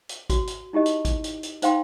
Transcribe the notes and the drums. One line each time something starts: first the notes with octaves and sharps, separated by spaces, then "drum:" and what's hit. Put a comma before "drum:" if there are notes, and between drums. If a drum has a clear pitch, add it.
drum: hi-hat
F#4, drum: kick G#1, hi-hat
drum: hi-hat
D#4 E4 G4 D#5
drum: hi-hat
drum: kick G#1, hi-hat
drum: hi-hat
drum: hi-hat
D#4 C5 F5 G5 C6, drum: hi-hat